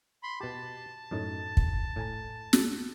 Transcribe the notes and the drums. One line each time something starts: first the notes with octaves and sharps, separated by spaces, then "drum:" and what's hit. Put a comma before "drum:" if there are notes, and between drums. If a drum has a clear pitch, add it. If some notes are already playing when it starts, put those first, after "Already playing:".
B5 C6
B2 G4 A5
F#2 A2 D#4
drum: kick
A2 G#5 A#5
drum: snare